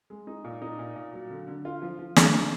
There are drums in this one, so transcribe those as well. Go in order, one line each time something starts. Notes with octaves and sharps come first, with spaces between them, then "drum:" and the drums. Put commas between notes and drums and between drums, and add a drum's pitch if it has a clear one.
G#3
D#4
A#2
D#4
A#2
A#2
F#3
D3
D3
F4
F3
F3
A#3, drum: snare
D#4